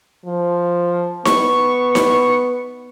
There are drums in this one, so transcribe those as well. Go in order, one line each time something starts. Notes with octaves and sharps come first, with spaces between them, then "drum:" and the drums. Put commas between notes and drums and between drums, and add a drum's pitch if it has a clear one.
F3
B3 C#6, drum: snare D#4
drum: snare D#4